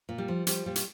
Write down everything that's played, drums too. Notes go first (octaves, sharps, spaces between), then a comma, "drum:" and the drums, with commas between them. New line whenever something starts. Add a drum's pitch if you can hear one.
A#2
G3
F3
F3 G3, drum: hi-hat
A#2 G3
drum: hi-hat